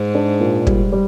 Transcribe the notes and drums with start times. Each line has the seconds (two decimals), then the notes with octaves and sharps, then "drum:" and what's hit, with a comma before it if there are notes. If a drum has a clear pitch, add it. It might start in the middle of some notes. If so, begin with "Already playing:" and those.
Already playing: G#2
0.15 D4
0.40 A#2
0.67 G3, drum: kick
0.92 G3